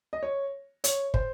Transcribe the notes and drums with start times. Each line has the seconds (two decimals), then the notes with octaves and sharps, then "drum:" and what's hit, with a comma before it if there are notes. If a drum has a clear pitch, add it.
0.13 D#5
0.23 C#5
0.84 C#5, drum: hi-hat
1.14 C5, drum: kick